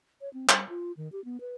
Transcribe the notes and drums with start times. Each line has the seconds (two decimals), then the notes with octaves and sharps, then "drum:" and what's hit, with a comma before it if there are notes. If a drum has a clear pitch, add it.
0.21 C#5
0.34 C4
0.49 G3, drum: clap
0.69 F4
0.97 D#3
1.12 G4
1.25 B3
1.41 B4